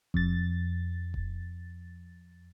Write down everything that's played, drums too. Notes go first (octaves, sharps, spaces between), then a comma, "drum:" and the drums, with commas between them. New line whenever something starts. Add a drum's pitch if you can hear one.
F2 A6, drum: kick E1
drum: kick E1